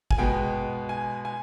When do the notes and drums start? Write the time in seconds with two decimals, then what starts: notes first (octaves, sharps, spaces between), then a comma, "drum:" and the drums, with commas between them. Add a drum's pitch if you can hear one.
0.11 G#5, drum: kick G#1
0.18 B2 G#3 B3 G5
0.89 G#5
1.25 G#5